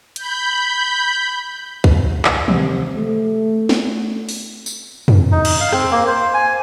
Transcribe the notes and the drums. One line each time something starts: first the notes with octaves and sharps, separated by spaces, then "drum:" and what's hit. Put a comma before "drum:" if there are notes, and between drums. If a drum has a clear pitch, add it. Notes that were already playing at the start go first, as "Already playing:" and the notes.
B5 G6, drum: hi-hat
drum: kick
drum: clap
C3, drum: tom
A3
drum: snare
drum: open hi-hat
drum: tambourine
drum: tom
D#4
drum: cymbal
F5
C4, drum: rim click
A#3
C5
G#5